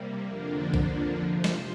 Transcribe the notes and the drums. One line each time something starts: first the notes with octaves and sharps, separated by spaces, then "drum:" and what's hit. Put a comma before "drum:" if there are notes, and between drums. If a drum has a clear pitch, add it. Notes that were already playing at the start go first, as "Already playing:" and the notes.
Already playing: C3 G3 A#3
F2 D3 F3 A#3 D4
drum: kick A#1
C3 F3 C4
drum: snare